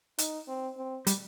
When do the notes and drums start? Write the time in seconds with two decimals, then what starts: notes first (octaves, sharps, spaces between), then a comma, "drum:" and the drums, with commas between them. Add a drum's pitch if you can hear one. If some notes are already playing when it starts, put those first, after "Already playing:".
0.18 D#4, drum: hi-hat
0.48 C4
0.77 C4
1.07 G3, drum: hi-hat